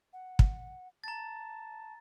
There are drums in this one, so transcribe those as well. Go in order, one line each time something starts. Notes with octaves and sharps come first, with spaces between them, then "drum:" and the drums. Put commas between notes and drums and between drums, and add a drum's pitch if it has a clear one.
F#5
drum: kick
A5 A#5 A6